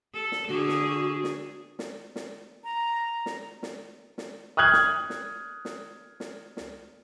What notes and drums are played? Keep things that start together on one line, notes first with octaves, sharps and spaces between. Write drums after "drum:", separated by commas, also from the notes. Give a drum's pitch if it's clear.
A4
drum: snare
D3 F#4 G#4
drum: snare
drum: snare
drum: snare
drum: snare
A#5
drum: snare
drum: snare
drum: snare
D#6 F6 F#6 G#6 F#7
drum: snare
drum: snare
drum: snare
drum: snare
drum: snare